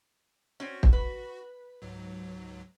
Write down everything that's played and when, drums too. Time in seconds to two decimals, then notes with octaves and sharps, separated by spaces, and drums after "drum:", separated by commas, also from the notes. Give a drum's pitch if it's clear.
0.60 C4 C#4 F#4
0.83 drum: kick
0.93 B4
1.82 C#2 G#2 F#3